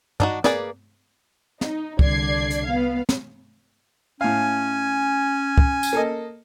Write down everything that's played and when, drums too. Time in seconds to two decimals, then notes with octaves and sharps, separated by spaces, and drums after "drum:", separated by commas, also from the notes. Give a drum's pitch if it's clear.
0.20 D4 D#4 F#4, drum: tom
0.44 A#3 G#4 B4 D5, drum: snare
1.61 D#4, drum: snare
1.99 C2 D3 D5 G#6 C7, drum: kick
2.50 drum: hi-hat
2.66 B3 F5
3.09 drum: snare
4.21 A2 C#4 F5 G#5
5.58 drum: kick
5.83 drum: tambourine
5.93 A#3 A4 D#5